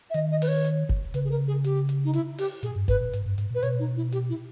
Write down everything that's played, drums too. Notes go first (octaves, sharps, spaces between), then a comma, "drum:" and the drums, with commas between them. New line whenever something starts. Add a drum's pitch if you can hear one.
E5
D#3 D#5, drum: hi-hat
D#5
B4, drum: open hi-hat
C#5
drum: hi-hat
drum: kick F#1
C#3 B4, drum: hi-hat
G#4
A#4
G#4
G4, drum: hi-hat
drum: hi-hat
D#4
E4, drum: hi-hat
G4, drum: open hi-hat
A#2 G#4, drum: hi-hat
G2
G#2 B4, drum: kick F#1, hi-hat
A#2
G#2, drum: hi-hat
G2
G#2, drum: hi-hat
A#2
B4
B2 C#5, drum: hi-hat
D#4
E4
G4, drum: hi-hat
E4